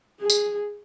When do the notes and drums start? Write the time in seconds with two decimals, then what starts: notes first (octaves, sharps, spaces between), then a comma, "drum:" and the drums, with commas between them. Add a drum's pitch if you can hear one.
0.20 G#4
0.30 drum: tambourine